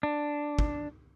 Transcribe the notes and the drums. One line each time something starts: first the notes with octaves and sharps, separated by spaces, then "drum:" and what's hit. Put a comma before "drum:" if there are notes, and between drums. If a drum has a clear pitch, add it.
D4
drum: kick